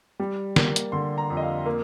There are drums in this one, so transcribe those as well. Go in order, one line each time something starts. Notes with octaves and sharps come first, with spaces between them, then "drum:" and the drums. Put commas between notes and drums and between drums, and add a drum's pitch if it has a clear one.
G3
A#3, drum: snare
drum: hi-hat
D3 C6
A#5
F2
D#5
F5
A#3